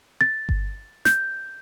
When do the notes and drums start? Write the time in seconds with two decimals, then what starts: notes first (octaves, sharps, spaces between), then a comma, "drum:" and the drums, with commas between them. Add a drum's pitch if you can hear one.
0.21 A6
0.49 drum: kick G1
1.05 G6, drum: snare